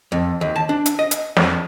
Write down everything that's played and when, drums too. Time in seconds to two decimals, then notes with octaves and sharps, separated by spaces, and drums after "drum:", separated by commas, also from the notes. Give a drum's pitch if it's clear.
0.12 F2
0.41 D#2
0.56 A5
0.69 D4
0.86 drum: hi-hat
0.99 D#5
1.11 drum: hi-hat
1.37 F2, drum: snare